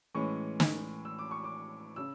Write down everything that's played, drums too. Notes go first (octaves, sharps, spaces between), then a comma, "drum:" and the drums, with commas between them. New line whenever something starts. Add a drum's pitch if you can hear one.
A2 E3 G#3 C#4 C#6
drum: snare
E6
D6
C#6
D6
C#3 E6